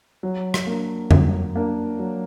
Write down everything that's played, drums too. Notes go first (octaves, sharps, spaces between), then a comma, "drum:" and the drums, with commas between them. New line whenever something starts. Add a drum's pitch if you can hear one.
F#3
drum: rim click
A#3 D4
F#3, drum: tom F2
A#3 D4
F#3